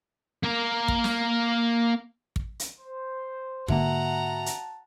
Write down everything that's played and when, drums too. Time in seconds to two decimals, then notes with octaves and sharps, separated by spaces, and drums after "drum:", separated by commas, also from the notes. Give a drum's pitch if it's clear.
0.44 A#3 A#4
0.88 drum: kick
1.04 drum: snare
2.36 drum: kick
2.60 drum: hi-hat
2.79 C5
3.68 G#2 D3 A#3 F#4 E5 F#5 A5 A#5, drum: kick
4.46 drum: hi-hat